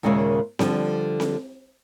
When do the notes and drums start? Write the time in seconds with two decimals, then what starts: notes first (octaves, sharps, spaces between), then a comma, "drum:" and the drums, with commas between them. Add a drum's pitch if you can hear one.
0.03 D#2 A#2 C#3 G#3 A#3 E5
0.59 D3 F3 G3, drum: snare C4
1.20 drum: snare C4